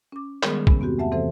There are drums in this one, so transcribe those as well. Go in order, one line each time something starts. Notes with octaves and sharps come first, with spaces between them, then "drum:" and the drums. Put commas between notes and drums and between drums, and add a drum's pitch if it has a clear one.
C#4 D6
D#3 G3 G#3 B3 G#4 A#4, drum: clap
E2 G2 C3 C#4, drum: kick
B3 C4 F#4 G4
E2 A3 E5 F#5 A5
C3 E3 C4 A4 C5 E5